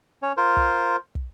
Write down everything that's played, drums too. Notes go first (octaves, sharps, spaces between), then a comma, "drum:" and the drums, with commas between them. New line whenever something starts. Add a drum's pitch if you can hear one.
C#4 C#5
F4 A#4 C5
drum: kick
drum: kick